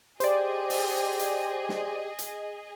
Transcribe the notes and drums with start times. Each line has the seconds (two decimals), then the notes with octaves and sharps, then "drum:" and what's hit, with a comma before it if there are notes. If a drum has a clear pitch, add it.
0.20 G4 G#4 C5 D5 D#5, drum: hi-hat
0.70 drum: open hi-hat
1.19 drum: hi-hat
1.69 drum: snare
2.19 drum: hi-hat